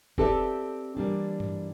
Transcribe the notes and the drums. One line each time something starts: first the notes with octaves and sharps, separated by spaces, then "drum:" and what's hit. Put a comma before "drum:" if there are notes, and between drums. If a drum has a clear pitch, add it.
C4 G4 A4 B4 D5 E5, drum: kick F1
E3 G3 A#3 D4
drum: tom G2